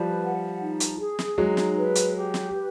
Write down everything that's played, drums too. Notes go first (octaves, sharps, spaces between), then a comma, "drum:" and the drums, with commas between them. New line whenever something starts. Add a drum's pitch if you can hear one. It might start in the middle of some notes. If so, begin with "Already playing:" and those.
Already playing: F3 G3 B4
F#5
D#4
drum: hi-hat
G#4
drum: snare
F#3 G#3 D#4
drum: snare
B4
drum: hi-hat
G4
drum: snare
B4